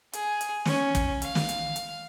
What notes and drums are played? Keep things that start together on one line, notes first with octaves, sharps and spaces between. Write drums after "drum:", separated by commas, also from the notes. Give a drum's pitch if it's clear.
G#4, drum: hi-hat
drum: hi-hat
C#4, drum: snare
drum: kick, hi-hat
F5, drum: hi-hat
drum: snare
drum: hi-hat
drum: hi-hat